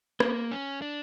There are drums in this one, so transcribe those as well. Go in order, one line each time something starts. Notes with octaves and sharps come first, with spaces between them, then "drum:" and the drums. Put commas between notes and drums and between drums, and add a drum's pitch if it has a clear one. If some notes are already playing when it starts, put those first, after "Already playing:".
A#3, drum: rim click
C#4
D4